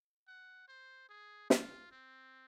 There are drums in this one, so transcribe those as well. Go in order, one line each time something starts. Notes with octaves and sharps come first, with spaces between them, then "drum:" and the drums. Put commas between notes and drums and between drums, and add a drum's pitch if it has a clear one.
F#5
C5
G#4
F4, drum: snare
C4